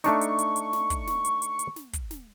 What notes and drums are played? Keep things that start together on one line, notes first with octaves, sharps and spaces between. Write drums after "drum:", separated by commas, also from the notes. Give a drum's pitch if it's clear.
A3 D4 D#4 C#6, drum: snare
drum: hi-hat
drum: hi-hat
drum: hi-hat
drum: snare
drum: kick, hi-hat
drum: snare
drum: hi-hat
drum: hi-hat
drum: hi-hat
drum: snare
drum: kick, hi-hat
drum: snare